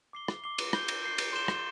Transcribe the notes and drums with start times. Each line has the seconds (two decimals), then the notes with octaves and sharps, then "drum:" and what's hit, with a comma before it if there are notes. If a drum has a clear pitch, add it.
0.13 D6 C7 G7
0.28 drum: rim click
0.44 D6 C7 G7
0.58 drum: cymbal
0.73 G6 C7 G7, drum: rim click
0.88 drum: cymbal
1.03 G6 C7 G7
1.18 drum: cymbal
1.33 C6 G6 E7 G7
1.48 drum: rim click